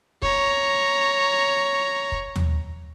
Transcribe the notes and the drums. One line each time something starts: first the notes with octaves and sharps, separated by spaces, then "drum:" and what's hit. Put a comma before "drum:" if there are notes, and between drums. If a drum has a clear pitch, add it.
C#5 A#5, drum: kick
drum: kick
drum: tom D#2